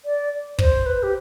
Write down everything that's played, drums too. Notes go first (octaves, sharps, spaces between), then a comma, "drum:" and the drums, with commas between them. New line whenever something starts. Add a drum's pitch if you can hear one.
D5
C5, drum: kick
B4
G4